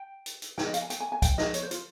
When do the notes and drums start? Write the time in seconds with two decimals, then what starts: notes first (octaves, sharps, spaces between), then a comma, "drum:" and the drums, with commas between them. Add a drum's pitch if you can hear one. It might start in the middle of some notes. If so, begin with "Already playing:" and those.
Already playing: G5
0.26 drum: hi-hat
0.42 drum: hi-hat
0.58 G5, drum: snare
0.66 D#5
0.74 F5, drum: hi-hat
0.82 G#5
0.90 G5, drum: hi-hat
1.00 G#5
1.12 G#5
1.22 G5, drum: kick, hi-hat
1.38 D#5, drum: snare
1.54 C#5, drum: hi-hat
1.63 C5
1.71 F4, drum: hi-hat